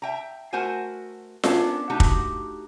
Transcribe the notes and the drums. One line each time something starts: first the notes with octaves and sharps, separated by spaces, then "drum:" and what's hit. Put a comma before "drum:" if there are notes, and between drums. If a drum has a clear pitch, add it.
E5 G5 A#5
A3 F#4 A#4 C5 F#5 G#5
B3 C#4 D4 A#4 F5, drum: snare F4
A3 D#4 F#4 G4 A#5
drum: kick